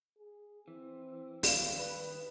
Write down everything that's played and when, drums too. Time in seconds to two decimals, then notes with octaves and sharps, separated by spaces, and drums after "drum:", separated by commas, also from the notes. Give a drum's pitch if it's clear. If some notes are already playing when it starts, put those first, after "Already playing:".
0.19 G#4
0.68 E3 C4
1.43 G2 D#3 C#5 D5 F5 G5, drum: open hi-hat
1.77 B4